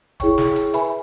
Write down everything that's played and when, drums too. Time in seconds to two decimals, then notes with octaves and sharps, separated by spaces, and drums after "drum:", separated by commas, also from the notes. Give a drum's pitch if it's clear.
0.20 E4 G#4 C#5 G5 C#6, drum: kick, hi-hat
0.38 drum: snare
0.56 drum: hi-hat
0.74 B4 E5 G#5 B5, drum: hi-hat